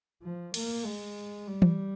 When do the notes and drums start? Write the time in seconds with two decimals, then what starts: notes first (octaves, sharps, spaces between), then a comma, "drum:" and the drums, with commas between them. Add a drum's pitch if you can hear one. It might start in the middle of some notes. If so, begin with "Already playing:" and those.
0.23 F3
0.54 A#3, drum: cymbal
0.85 G#3
1.47 G3
1.62 drum: tom E3